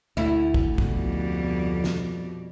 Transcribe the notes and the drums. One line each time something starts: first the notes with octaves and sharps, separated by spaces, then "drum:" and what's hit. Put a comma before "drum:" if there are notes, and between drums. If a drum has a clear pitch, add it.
D2 A3 E4
drum: kick
F2 B2 G3, drum: kick
drum: snare